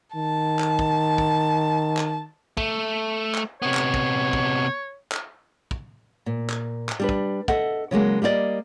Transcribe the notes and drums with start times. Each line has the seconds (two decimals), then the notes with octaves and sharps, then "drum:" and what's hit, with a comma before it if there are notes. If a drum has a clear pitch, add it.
0.16 D#3 A5
0.59 drum: clap
0.79 drum: kick
1.18 drum: kick
1.97 drum: clap
2.57 A3, drum: kick
3.35 drum: clap
3.62 C3 B3 C#5
3.74 drum: clap
3.94 drum: kick
4.33 drum: kick
5.12 drum: clap
5.71 drum: kick
6.26 A#2
6.50 drum: clap
6.89 drum: clap
7.00 G3 D4 B4
7.09 drum: kick
7.48 A4 D#5 E5 F#5, drum: kick
7.91 C#3 F#3 G#3 A#3
8.22 G3 A#3 E4 D5 D#5